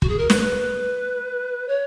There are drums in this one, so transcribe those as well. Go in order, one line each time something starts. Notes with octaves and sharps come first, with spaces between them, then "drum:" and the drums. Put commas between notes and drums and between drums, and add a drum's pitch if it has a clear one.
F#4, drum: kick
G#4
A#4
B4, drum: snare
B4
C#5